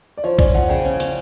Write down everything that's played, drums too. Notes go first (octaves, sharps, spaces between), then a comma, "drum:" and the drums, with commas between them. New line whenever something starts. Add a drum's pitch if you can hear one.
D5
F3 C#5
C#4 D5, drum: kick
F3 F#5
C#3 G5
C#4
C#4, drum: hi-hat